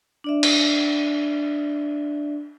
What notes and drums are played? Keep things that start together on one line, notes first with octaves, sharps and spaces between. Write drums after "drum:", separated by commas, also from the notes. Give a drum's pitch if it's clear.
D4 D5 E5
drum: cymbal